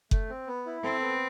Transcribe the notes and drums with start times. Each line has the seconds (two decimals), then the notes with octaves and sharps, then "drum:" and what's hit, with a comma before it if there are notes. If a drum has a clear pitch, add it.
0.11 A3, drum: kick F#1
0.29 C4
0.47 B3
0.66 E4
0.83 C4 A4
1.01 B3